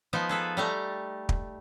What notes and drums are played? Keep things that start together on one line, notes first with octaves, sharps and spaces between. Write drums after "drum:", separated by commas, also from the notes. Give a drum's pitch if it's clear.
F3 B3 D#4
G#4 A4 B4
G3 A3 A#5
drum: kick